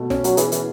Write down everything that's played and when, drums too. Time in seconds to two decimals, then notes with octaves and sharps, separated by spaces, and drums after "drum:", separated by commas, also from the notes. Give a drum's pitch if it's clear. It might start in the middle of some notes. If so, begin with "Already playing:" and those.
Already playing: B2 A3
0.10 C#4, drum: snare
0.24 F#3, drum: hi-hat
0.37 E3 G#4, drum: hi-hat
0.52 E3, drum: hi-hat